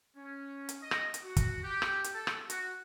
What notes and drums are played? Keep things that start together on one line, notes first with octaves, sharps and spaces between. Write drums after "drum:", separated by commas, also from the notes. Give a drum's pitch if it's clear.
C#4
drum: hi-hat
D#5
drum: rim click
drum: hi-hat
F#4
drum: kick, hi-hat
G4
drum: rim click
drum: hi-hat
A4
drum: rim click
F#4, drum: hi-hat